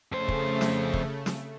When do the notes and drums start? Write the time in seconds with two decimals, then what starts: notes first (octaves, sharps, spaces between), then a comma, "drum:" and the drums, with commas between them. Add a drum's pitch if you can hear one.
0.12 F2 C#3 A3 C5
0.28 drum: kick
0.61 drum: snare
0.93 drum: kick
1.26 drum: snare